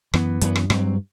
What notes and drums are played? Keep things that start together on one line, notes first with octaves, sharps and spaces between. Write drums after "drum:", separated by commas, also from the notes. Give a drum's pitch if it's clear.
F#2 E3 B3, drum: rim click
F#2 E3 B3, drum: hi-hat
drum: rim click
G2 F#3 C4, drum: rim click